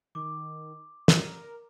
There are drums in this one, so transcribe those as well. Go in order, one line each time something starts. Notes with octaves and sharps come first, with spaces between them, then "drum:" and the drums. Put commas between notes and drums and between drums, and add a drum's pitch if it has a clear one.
D#3 D6
A#4, drum: snare